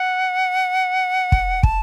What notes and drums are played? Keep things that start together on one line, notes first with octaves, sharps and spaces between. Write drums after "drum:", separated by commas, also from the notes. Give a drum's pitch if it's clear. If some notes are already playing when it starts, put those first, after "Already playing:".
Already playing: F#5
drum: kick
A5, drum: kick